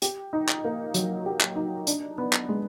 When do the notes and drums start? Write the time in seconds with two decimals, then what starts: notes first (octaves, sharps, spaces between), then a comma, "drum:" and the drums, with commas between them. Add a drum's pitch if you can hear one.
0.02 G4, drum: hi-hat
0.33 D#4
0.49 drum: clap
0.64 A#3
0.94 F#3, drum: hi-hat
1.26 G4
1.41 drum: clap
1.55 D#4
1.87 D4, drum: hi-hat
2.18 B3
2.33 drum: clap
2.49 G#3